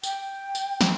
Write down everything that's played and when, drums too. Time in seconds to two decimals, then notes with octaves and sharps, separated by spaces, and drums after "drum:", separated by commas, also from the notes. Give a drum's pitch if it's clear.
0.03 G5, drum: tambourine
0.55 drum: tambourine
0.81 drum: snare